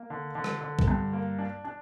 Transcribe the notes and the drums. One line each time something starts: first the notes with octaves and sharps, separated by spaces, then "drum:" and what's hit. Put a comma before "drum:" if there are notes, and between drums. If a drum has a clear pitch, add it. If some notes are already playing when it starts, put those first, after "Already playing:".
Already playing: A#3
D3
D3
drum: rim click
D3
drum: kick B1
G2
A#3
D4
D4